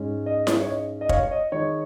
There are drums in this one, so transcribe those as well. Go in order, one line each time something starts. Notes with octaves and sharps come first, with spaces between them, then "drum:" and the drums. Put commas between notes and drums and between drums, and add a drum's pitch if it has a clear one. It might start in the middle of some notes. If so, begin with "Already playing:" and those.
Already playing: G#2 G#3 C#4
D#5
drum: snare E4
C#5
D#5
D#5
C#5 F5, drum: kick
C#5
D#5
D#3 G#3 D#4 C#5